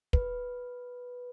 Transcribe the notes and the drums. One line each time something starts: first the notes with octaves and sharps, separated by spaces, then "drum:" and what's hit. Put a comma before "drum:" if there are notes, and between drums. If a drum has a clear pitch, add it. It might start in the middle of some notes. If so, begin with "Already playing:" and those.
B4, drum: kick